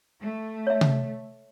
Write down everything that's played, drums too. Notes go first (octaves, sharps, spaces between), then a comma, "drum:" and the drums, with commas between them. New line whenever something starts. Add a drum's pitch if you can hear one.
A3
C#5 E5
drum: tom C3